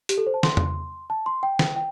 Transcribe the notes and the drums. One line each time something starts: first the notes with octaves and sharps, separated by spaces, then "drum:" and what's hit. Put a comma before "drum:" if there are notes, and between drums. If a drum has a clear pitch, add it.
G4, drum: hi-hat
A4
C5
A5
C6, drum: snare
drum: tom E2
A5
C6
G5
drum: snare
G5